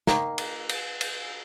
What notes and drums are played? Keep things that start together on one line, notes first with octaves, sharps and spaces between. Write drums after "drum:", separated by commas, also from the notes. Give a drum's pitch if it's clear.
D#3 A#3, drum: snare
drum: cymbal
drum: cymbal
drum: cymbal